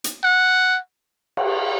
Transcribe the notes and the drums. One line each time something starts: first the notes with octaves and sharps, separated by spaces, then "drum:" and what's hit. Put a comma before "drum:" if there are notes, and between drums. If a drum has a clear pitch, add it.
drum: hi-hat
F#5
drum: cymbal